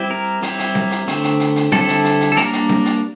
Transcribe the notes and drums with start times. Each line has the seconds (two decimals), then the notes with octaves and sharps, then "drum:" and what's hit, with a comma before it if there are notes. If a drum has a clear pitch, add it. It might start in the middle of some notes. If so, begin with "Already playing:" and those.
Already playing: G3 C4 E4
0.11 A#4
0.43 G3 C4 E4, drum: hi-hat
0.59 drum: hi-hat
0.75 drum: snare C4
0.91 drum: hi-hat
1.08 D3 A3 C4, drum: hi-hat
1.24 drum: hi-hat
1.40 drum: hi-hat
1.56 drum: hi-hat
1.72 D3 G3 C4 E4 A4, drum: snare C4
1.88 drum: hi-hat
2.05 drum: hi-hat
2.21 drum: hi-hat
2.32 A4
2.37 G3 A#3 D4 A#4, drum: hi-hat
2.53 drum: hi-hat
2.69 drum: snare C4
2.85 drum: hi-hat